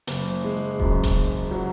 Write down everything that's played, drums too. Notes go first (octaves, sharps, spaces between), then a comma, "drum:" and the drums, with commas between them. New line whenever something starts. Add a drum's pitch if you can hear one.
F#1, drum: hi-hat
G#3
F#2, drum: kick D#1
drum: kick D#1, hi-hat
G#3
F#3